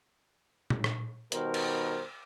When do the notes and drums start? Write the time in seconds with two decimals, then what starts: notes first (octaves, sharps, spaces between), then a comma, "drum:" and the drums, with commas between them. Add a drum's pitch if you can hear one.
0.70 drum: tom A#2
0.84 drum: rim click
1.32 B2 D#3 G3 A#4 C5, drum: hi-hat
1.54 drum: cymbal